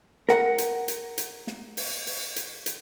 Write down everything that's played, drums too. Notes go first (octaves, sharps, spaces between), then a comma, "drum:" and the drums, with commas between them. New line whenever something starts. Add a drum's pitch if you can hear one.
A#4 F#5, drum: snare
drum: hi-hat
drum: hi-hat
drum: hi-hat
drum: snare
drum: open hi-hat
drum: open hi-hat
drum: hi-hat
drum: hi-hat